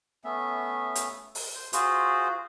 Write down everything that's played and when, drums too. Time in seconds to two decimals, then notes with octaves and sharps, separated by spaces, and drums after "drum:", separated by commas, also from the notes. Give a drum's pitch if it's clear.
0.24 A3 B3 C#4 E5
0.95 drum: hi-hat
1.35 drum: open hi-hat
1.55 C5
1.73 F4 F#4 G#4 C5, drum: hi-hat